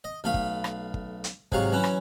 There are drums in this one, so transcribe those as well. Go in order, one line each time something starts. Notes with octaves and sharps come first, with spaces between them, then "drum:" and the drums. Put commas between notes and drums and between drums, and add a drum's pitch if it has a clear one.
D#5
B1 A3 F5 B5
drum: kick
drum: rim click
drum: kick
drum: hi-hat
G#2 C3 F#3 F5 C#6, drum: kick
E3 F#3 C#4 E4
drum: rim click